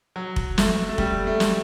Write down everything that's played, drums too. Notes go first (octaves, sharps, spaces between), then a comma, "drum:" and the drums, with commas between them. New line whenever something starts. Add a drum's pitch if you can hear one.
F#3
drum: kick F1
A3, drum: snare
A3
G3, drum: kick F1
A3
drum: snare